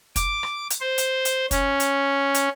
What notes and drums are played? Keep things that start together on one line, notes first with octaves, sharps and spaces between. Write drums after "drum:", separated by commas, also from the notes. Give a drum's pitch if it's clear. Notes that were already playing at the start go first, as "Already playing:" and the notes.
D6, drum: kick, hi-hat
drum: rim click
drum: hi-hat
C5
drum: hi-hat
drum: hi-hat
C#4, drum: kick, hi-hat
drum: hi-hat
drum: hi-hat